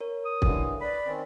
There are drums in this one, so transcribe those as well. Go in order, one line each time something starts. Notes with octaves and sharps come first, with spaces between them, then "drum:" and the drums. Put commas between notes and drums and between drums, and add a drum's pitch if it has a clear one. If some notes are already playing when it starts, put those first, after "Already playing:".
A#4 C#5
D#6
G2 D3 E3, drum: kick
B4 D5 B5
D#3 C4 C#4